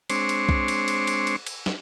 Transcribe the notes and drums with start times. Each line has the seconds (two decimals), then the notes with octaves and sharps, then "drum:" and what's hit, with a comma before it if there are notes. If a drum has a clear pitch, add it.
0.10 G#3 C4 D4 C5 C#5, drum: cymbal
0.29 drum: cymbal
0.49 drum: kick B1
0.68 drum: cymbal
0.88 drum: cymbal
1.07 drum: cymbal
1.27 drum: cymbal
1.47 drum: cymbal
1.66 drum: snare